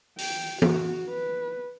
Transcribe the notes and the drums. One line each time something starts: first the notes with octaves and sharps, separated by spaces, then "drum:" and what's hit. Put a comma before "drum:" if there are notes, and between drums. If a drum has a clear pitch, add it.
G5, drum: open hi-hat
F#4, drum: tom E3
B4